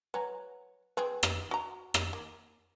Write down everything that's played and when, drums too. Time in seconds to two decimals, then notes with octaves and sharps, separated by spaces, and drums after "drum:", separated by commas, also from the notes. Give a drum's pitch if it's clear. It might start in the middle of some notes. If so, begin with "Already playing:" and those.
0.14 F#3 B4 G#5 A#5
0.97 C4 G#4 B4
1.23 drum: rim click
1.51 F#4 A#5
1.94 drum: rim click
2.13 A#3